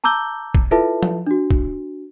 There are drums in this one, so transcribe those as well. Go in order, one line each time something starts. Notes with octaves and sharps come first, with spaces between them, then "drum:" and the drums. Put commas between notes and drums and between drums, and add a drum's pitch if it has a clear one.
A5 A#5 D6 E6 G6 G7
drum: kick
E4 F4 A4 B4 E5 A5
drum: tom F3
D4 F#4
drum: kick